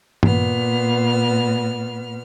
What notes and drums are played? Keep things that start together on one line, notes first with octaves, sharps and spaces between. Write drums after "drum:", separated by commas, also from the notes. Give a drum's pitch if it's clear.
A#2 B3 F6, drum: tom G2